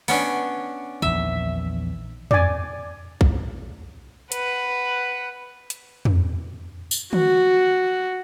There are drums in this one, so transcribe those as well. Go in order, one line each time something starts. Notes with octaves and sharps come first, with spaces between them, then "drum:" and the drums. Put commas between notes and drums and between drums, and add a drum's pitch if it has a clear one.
B3 C#4 D4, drum: open hi-hat
A#1 E2 D#3 E5
D5 G#5, drum: tom
drum: kick
B4 F#5, drum: hi-hat
drum: hi-hat
drum: tom
drum: tambourine
F#4, drum: tom